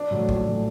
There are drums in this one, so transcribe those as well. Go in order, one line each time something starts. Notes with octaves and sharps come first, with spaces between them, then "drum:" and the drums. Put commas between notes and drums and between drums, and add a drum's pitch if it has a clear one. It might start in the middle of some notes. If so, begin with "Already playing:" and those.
Already playing: D4
A2 F#3
A#1, drum: kick
A2 F#3